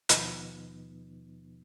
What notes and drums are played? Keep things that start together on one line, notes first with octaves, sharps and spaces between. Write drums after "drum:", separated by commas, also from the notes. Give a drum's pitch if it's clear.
D#2 B2 F3 B3 D#4, drum: hi-hat